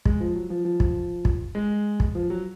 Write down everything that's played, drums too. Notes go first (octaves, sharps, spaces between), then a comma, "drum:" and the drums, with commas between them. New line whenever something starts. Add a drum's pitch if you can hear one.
G#3, drum: kick
F3
F#3
F3
F3
drum: kick
drum: kick
G#3
drum: kick
F3
F#3